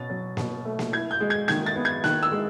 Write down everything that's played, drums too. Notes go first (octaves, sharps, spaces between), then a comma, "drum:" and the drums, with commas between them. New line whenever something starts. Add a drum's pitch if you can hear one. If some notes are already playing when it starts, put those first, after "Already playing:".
Already playing: B2 C#4 A6
F#3
B2, drum: snare A#3
A3
drum: snare A#3
E4 G#6
G6
G#3
G#6
D#3 G#6, drum: snare A#3
A6
B3
G#6
D#3 F#6, drum: snare A#3
E6
G#3